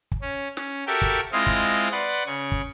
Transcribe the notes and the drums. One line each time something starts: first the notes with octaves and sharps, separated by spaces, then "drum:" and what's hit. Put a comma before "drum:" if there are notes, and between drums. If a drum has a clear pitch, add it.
drum: kick
C#4
C#4, drum: snare
F#4 G4 A4 A#4 E5 G5
drum: kick
G#3 C4 E4 F4 D#5 F5
drum: kick
B4 D5 F#5 C6
C#3 C#6
drum: kick